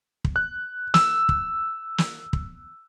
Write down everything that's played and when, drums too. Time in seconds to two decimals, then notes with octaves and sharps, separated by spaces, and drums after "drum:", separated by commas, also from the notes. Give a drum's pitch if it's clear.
0.24 drum: kick
0.36 F#6
0.94 E6, drum: snare
1.29 drum: kick
1.98 drum: snare
2.33 drum: kick